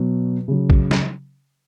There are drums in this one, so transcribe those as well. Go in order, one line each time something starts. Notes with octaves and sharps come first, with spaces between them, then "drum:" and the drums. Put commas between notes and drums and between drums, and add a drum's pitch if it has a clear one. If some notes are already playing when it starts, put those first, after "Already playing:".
Already playing: B2 F#3
C#3 F#3
drum: kick
drum: snare